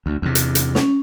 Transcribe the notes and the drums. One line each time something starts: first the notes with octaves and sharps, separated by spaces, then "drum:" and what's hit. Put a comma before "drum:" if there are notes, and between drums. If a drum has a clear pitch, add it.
D2
E2 C3
drum: hi-hat
drum: hi-hat
C#4, drum: snare